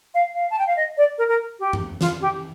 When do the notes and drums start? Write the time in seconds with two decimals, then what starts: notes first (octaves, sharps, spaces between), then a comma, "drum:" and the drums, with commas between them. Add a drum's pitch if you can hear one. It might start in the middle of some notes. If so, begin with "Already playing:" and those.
0.15 F5
0.35 F5
0.51 A5
0.59 G5
0.67 F5
0.77 D#5
0.97 D5
1.18 A#4
1.29 A#4
1.60 G4
1.73 drum: tom F#2
2.01 F4, drum: snare
2.21 G4